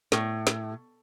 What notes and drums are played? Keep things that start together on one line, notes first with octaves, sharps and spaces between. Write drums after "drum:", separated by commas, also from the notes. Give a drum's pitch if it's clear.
A2, drum: snare
drum: snare